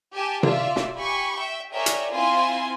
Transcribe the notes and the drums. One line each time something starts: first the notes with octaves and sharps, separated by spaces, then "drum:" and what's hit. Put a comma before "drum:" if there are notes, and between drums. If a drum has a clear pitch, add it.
G4 G#5 A5
F4 D5 E5 F5, drum: tom C3
drum: snare
G4 G#5 B5 C#6
E5 G5
G#4 A#4 C#5 D5 E5 G5
drum: hi-hat
C4 E4 F4 G#5 C6